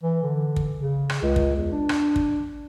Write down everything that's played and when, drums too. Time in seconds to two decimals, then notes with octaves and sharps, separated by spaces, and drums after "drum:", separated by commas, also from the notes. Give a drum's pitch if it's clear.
0.03 E3
0.22 D3
0.56 drum: kick
0.78 C#3
1.10 drum: rim click
1.22 C#2
1.36 drum: kick
1.56 E2
1.72 D4
1.89 drum: rim click
2.16 drum: kick